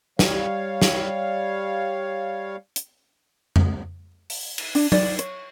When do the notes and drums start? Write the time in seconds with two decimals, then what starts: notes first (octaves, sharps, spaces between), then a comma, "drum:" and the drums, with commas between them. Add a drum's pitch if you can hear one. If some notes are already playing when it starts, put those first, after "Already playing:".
0.19 G3 C#5 F5, drum: snare
0.82 drum: snare
2.76 drum: hi-hat
3.56 drum: tom F2
4.30 drum: open hi-hat
4.58 drum: cymbal
4.75 D4, drum: open hi-hat
4.92 D5, drum: tom
5.19 C#5, drum: hi-hat